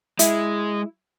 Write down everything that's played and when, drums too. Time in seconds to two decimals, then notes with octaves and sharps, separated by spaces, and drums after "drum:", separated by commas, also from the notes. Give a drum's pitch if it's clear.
0.19 G#3 E4, drum: hi-hat